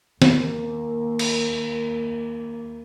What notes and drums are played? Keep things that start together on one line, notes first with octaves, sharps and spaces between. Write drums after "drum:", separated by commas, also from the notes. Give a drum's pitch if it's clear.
D#2 A#3, drum: snare
drum: cymbal